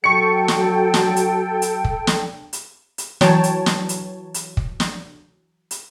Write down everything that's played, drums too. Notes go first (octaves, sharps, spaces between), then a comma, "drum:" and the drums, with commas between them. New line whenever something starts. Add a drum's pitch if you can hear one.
F#3 A4 G5 C#6 C#7
drum: snare
drum: snare
drum: hi-hat
drum: hi-hat
drum: kick
drum: snare
drum: hi-hat
drum: hi-hat
E3 F#3 C#5 G5 A5, drum: snare
drum: hi-hat
drum: snare
drum: hi-hat
drum: hi-hat
drum: kick
drum: snare
drum: hi-hat